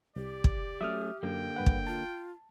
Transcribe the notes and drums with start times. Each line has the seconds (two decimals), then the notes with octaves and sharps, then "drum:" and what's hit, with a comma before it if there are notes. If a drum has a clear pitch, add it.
0.16 C2 G4 D5
0.44 drum: kick
0.81 F#3 A3 C#4 E5 D#6 F6
1.23 F#2 D3 A#3 G5
1.56 G2 B4 F#5
1.66 drum: kick
1.87 F4 A5